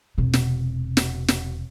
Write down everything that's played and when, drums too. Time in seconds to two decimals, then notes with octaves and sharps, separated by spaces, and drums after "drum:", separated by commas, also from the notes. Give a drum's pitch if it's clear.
0.18 E1 C3
0.33 drum: snare
0.97 drum: snare
1.28 drum: snare